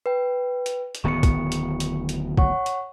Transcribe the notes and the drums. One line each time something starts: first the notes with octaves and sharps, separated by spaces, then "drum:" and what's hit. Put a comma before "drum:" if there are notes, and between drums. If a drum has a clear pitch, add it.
B4 G5
drum: hi-hat
drum: hi-hat
D1 D#3 B3 C#6 C#7
drum: kick, hi-hat
drum: hi-hat
drum: hi-hat
drum: hi-hat
C#5 F#5 C#6, drum: kick
drum: hi-hat